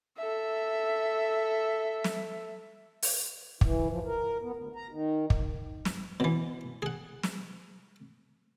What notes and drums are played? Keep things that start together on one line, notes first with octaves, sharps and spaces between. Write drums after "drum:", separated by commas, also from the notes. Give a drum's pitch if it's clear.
A4 E5
drum: snare
drum: open hi-hat
E3, drum: kick
F3
A#4
B3
D2
A#5
D#3
drum: kick
drum: snare
B2 E3
G#4 F#5
drum: snare